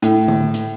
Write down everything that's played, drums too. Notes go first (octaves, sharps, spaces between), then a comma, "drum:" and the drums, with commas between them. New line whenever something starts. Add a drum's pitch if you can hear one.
A2, drum: hi-hat
drum: tom D3
drum: hi-hat